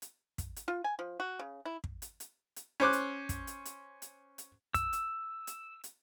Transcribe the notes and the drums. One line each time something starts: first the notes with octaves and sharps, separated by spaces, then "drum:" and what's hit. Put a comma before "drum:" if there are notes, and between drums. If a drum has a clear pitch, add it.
drum: hi-hat
drum: kick, hi-hat
drum: hi-hat
F4
G#5
F3
F#4
C#3
E4
drum: kick
drum: hi-hat
drum: hi-hat
drum: hi-hat
C#4 C5 D6 F#6
drum: hi-hat
drum: kick, hi-hat
drum: hi-hat
drum: hi-hat
drum: hi-hat
drum: hi-hat
E6, drum: kick, hi-hat
drum: hi-hat
drum: hi-hat
drum: hi-hat